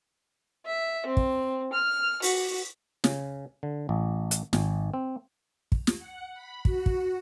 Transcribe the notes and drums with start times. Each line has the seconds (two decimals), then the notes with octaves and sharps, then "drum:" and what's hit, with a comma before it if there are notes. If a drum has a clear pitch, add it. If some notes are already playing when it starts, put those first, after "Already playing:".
0.66 E5
1.06 C4
1.17 drum: kick
1.73 F6
2.22 F#4, drum: open hi-hat
3.04 C#3, drum: snare
3.63 D3
3.89 A1
4.31 drum: hi-hat
4.53 G#1, drum: snare
4.94 C4
5.72 drum: kick
5.87 drum: snare
5.98 F#5
6.34 B5
6.65 F#4, drum: kick
6.86 drum: kick